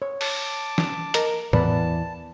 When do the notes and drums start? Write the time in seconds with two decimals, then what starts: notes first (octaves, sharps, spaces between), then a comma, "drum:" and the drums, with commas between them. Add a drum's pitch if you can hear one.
0.02 C#5
0.21 A5 D6, drum: open hi-hat
0.78 drum: snare
1.14 A#4 D#5 A#5, drum: hi-hat
1.53 E2 B4 D5 A5 B5, drum: tom A2